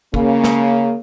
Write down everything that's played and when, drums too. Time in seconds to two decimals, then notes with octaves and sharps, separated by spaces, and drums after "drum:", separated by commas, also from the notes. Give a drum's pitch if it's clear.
0.14 C#3 A#3, drum: kick
0.44 drum: snare